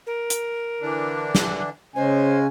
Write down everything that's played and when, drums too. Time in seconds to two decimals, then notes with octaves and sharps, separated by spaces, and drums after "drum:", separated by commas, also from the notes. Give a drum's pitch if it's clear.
0.07 A#4
0.30 drum: hi-hat
0.81 D3 E3 D4
1.35 drum: snare
1.96 C#3 G#3 C#4 C5 G#5